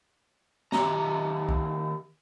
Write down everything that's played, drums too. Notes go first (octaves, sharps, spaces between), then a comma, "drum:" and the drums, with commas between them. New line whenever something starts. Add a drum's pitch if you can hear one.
D#3 G4 E5 A#5, drum: snare
drum: kick